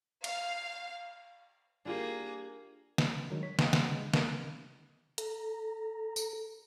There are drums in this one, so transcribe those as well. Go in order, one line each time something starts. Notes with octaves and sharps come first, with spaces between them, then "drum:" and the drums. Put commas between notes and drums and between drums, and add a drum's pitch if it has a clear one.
F5, drum: cymbal
A#3 D4 F4 G4 G#4
drum: snare
D#3 F#3 G#3 D4
C#5 B6
C#5 D#5 F5 G5 C6, drum: snare
F#5, drum: snare
G#3
A#3 C4, drum: snare
A4 A#5, drum: hi-hat
drum: tambourine